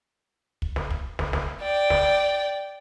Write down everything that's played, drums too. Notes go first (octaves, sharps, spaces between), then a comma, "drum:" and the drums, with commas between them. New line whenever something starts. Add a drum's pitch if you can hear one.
drum: kick
drum: snare
drum: kick
drum: snare
drum: snare
D5 G5
drum: snare